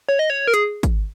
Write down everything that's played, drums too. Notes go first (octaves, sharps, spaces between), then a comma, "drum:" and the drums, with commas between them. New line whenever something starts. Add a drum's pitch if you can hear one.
C#5
D#5
C#5
A#4
G#4, drum: hi-hat
drum: kick, hi-hat